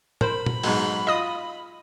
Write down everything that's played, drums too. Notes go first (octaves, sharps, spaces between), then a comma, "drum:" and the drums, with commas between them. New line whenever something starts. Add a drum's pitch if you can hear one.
A#4 C5 B5, drum: tom A2
drum: tom A#2
B1 G#2, drum: open hi-hat
F4 D#5 D#6